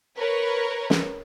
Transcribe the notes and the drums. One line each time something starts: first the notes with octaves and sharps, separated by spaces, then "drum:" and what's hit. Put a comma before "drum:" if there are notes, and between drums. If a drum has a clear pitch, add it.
A#4 B4 C#5
drum: snare